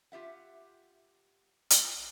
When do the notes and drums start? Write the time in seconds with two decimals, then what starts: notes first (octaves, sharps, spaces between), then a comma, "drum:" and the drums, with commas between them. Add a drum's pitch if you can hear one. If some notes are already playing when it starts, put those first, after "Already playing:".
0.12 F4 G4 E5 F#5
1.70 drum: hi-hat